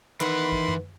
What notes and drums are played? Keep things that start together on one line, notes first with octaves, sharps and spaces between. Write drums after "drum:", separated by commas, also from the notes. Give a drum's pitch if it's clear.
D#3 E3 B4 F#5 B5 C6, drum: clap
drum: kick
drum: tom F#2